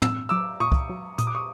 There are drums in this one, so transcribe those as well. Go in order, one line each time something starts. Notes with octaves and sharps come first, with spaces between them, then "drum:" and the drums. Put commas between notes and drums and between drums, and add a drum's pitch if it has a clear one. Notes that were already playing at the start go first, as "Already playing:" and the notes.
C4 E6, drum: tom
F#3 D6 E6
A#2 C#6 D#6
drum: kick
F#3
A#2 D#6, drum: hi-hat
D6
C#6 D#6